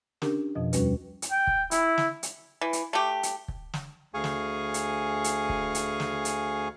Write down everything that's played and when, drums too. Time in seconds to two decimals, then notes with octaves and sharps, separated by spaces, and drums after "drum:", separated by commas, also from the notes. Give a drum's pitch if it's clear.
0.22 C#4 D4 G4 A#4, drum: snare
0.55 F2 B2 F3 D#5
0.73 D#2 G3 C#4 F#4 B4, drum: hi-hat
1.22 drum: hi-hat
1.32 G5
1.47 drum: kick
1.71 E4, drum: hi-hat
1.98 drum: snare
2.23 drum: hi-hat
2.61 E3
2.73 drum: hi-hat
2.93 A3 G4
3.23 drum: hi-hat
3.48 drum: kick
3.74 drum: snare
4.14 D2 G#4 F5 G#5 C#6
4.24 drum: snare
4.74 drum: hi-hat
5.24 drum: hi-hat
5.49 drum: kick
5.75 drum: hi-hat
6.00 drum: snare
6.25 drum: hi-hat